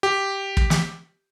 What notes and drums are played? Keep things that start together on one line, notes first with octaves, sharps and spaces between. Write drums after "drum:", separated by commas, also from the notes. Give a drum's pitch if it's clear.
G4
drum: kick
drum: snare